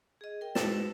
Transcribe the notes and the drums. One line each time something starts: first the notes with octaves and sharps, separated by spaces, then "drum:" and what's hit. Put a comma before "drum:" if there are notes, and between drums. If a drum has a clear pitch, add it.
G#4 D#5
A#4 G5
G#2 E4 F#4 B4 A5, drum: snare